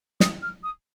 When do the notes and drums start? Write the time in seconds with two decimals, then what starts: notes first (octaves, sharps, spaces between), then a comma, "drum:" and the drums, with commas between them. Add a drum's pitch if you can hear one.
0.20 D#6, drum: snare
0.42 F6
0.63 D#6